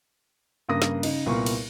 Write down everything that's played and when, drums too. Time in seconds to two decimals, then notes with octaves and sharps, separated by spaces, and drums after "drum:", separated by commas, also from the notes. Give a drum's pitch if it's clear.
0.69 G2 C#3 A#3 D#6 A#6
0.82 drum: snare
1.03 C#3 D#4, drum: cymbal
1.26 C2 A#2 B3 A#4 C#6
1.46 drum: cymbal